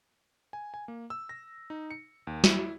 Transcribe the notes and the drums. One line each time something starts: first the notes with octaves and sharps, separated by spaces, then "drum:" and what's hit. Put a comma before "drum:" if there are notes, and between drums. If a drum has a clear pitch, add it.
G#5
G#5
A#3
E6
A#6
D#4
C#7
D#2
E4, drum: snare